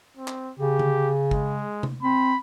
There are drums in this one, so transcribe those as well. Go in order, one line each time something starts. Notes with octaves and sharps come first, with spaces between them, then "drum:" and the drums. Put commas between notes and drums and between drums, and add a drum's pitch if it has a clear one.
C4
drum: clap
C#3 G4
drum: tom D3
G#3, drum: kick
drum: tom C3
C4 B5